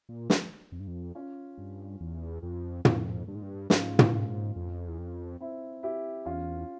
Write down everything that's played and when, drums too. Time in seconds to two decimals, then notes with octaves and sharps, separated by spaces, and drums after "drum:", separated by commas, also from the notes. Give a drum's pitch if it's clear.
0.09 A#2
0.30 drum: snare
0.72 F2
0.80 G2
0.87 F2
1.15 C#4 F4
1.58 G2
2.00 E2
2.43 F2
2.85 F2, drum: tom
3.28 G2
3.35 G#2
3.42 G2
3.70 G#2 C#4 F4, drum: snare
3.99 drum: tom
4.13 G#2
4.56 F2
4.88 E2
4.98 F2
5.40 C4 E4
5.83 E4 G4
6.25 E2 C#4 F4